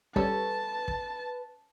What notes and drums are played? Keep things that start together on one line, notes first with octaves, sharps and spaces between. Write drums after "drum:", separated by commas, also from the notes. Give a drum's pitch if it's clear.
G3 C#4 A4 B4 C#5 A5, drum: kick
drum: kick